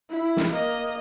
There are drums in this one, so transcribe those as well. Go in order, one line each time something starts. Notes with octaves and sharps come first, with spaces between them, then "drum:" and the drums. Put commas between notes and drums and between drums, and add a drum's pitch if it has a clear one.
E4
drum: snare
A#3 D#5